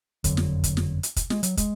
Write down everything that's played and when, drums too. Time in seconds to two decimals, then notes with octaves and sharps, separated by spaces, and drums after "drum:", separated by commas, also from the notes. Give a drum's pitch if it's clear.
0.24 F#1 F2 D3 F#3, drum: kick, hi-hat
0.37 drum: snare
0.64 drum: kick, hi-hat
0.77 drum: snare
1.03 drum: hi-hat
1.16 drum: kick, hi-hat
1.30 G#3, drum: snare
1.43 F#3, drum: hi-hat
1.57 G#3, drum: kick, hi-hat